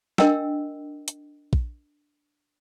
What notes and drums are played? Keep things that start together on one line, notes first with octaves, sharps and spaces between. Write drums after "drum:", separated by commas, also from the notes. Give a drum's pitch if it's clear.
D4 A#4 D#5 G5 E6, drum: snare
drum: hi-hat
drum: kick